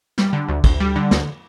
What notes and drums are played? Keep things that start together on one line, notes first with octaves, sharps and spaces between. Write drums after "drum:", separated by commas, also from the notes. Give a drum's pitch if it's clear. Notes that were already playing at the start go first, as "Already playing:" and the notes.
G3, drum: snare
D3
D2
D2, drum: kick, cymbal
G3
D3
D2, drum: snare